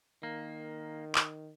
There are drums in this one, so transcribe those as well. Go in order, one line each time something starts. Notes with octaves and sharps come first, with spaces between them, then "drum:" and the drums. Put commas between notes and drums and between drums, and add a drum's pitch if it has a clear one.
D#3 A#3
drum: clap